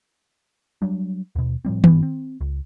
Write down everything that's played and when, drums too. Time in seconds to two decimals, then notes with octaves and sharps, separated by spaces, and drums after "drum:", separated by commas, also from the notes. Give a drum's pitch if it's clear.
0.82 F#3 G3 D4
1.36 D#2 B2
1.65 A2 F3 G3 C4
1.84 G#1 G2 E3 B3, drum: tom D#3
2.03 C4
2.41 C#2